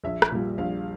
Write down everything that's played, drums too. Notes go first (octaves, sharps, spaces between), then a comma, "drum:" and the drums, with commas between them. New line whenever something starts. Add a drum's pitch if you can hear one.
A#1 E5
drum: rim click
A#2 G3
A#1 F5